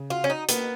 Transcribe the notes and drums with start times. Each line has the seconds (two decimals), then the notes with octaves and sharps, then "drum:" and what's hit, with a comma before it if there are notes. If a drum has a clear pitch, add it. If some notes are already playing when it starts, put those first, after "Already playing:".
Already playing: C#3
0.10 F4 F#4
0.24 C#4
0.30 D#4
0.49 A#3 B3, drum: hi-hat